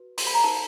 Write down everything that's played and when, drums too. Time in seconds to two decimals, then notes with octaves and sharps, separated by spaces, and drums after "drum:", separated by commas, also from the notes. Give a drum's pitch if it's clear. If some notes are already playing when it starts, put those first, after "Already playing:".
Already playing: F#4 B4
0.18 C6, drum: open hi-hat
0.27 B5
0.34 A#5
0.44 D#4 F#4 A#4 A5